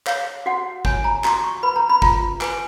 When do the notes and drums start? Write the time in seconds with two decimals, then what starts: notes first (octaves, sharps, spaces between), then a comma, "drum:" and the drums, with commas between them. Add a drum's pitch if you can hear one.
0.07 C#5 F5, drum: clap
0.46 F#4 F#5
0.85 C#5 G#5, drum: kick
1.04 A#5
1.24 F#4 A#5, drum: clap
1.44 C#6
1.63 B4 B5
1.76 A#5
1.89 B5
2.02 F4 A#5, drum: kick
2.41 B4 G#5, drum: clap